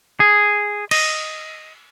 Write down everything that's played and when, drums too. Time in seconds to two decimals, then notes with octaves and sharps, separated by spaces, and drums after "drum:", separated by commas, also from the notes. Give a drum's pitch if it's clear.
0.20 G#4
0.91 D#5, drum: cymbal